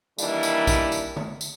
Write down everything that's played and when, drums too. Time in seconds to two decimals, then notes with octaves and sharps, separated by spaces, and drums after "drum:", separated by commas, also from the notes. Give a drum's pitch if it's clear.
0.18 D#3 E3 G3 A#3 D4 E4, drum: tambourine
0.43 drum: tambourine
0.67 drum: kick A#1, tambourine
0.92 drum: tambourine
1.16 drum: tom D3
1.41 drum: tambourine